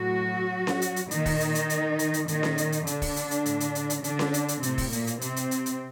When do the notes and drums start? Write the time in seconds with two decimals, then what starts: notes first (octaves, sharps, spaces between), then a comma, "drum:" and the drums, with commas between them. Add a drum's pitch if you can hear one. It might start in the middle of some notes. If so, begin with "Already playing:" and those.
Already playing: A2 F#3 F#4
0.67 drum: snare C#4
0.82 drum: hi-hat
0.96 drum: hi-hat
1.11 A#2 D#3 D#4, drum: hi-hat
1.26 drum: kick, open hi-hat
1.40 drum: hi-hat
1.55 drum: hi-hat
1.70 drum: hi-hat
1.99 drum: hi-hat
2.14 drum: hi-hat
2.28 A#2 D#3 D#4, drum: hi-hat
2.43 drum: snare C#4
2.58 drum: hi-hat
2.72 drum: hi-hat
2.87 D3 D4, drum: hi-hat
3.02 drum: kick, open hi-hat
3.16 drum: hi-hat
3.31 drum: hi-hat
3.46 A2, drum: hi-hat
3.60 drum: hi-hat
3.75 drum: hi-hat
3.90 drum: hi-hat
4.04 D3 D4, drum: hi-hat
4.19 drum: snare C#4
4.34 drum: hi-hat
4.48 drum: hi-hat
4.63 A2 C3 C4, drum: hi-hat
4.78 drum: kick, open hi-hat
4.92 A#2 A#3, drum: hi-hat
5.07 drum: hi-hat
5.21 C3 C4, drum: hi-hat
5.36 drum: hi-hat
5.51 drum: hi-hat
5.66 drum: hi-hat